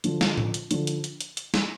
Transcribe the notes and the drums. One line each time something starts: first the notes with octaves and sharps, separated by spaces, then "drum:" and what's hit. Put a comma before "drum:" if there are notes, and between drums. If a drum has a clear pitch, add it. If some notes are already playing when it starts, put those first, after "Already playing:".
D3 F3, drum: hi-hat
drum: snare
drum: tom A2
drum: hi-hat
D3 F3, drum: hi-hat
drum: hi-hat
drum: hi-hat
drum: hi-hat
drum: hi-hat
drum: snare